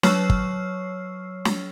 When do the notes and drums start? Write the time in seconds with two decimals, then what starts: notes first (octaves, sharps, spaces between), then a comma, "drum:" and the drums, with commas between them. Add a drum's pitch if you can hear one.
0.03 F#3 C#5 C#6 E6 F6 C7, drum: snare
0.30 drum: kick
1.45 drum: snare